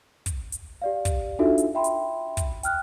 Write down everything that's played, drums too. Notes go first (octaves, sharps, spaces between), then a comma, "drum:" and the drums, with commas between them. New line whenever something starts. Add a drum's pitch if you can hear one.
drum: kick, hi-hat
drum: hi-hat
G4 D5 F5
drum: kick, hi-hat
D4 D#4 F4 F#4 A4 E5
drum: hi-hat
E5 G5 B5 C6
drum: hi-hat
drum: kick, hi-hat
G5 F6 F#6, drum: hi-hat